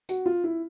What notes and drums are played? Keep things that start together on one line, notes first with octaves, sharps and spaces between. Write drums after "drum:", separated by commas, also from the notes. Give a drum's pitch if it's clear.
F#4, drum: tambourine
F4
E4